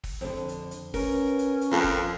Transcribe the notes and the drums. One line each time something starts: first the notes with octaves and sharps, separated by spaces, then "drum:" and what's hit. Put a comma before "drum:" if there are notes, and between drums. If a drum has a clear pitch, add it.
drum: kick, open hi-hat
F2 D3
drum: hi-hat
drum: hi-hat
B3 C#4 A#4, drum: kick, open hi-hat
drum: hi-hat
drum: hi-hat
F2 F3 A4 A#4
drum: kick